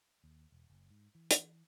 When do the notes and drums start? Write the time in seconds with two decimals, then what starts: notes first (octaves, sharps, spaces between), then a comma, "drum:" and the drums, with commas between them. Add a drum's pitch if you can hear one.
0.24 D#2
0.52 E1
0.70 F#1
0.90 G#2
1.15 E3
1.31 drum: hi-hat